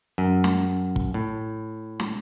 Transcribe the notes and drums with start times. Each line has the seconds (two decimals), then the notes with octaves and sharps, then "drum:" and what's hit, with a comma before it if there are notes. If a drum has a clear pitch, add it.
0.18 F#2
0.44 drum: snare
0.96 drum: kick
1.14 A2
2.00 drum: snare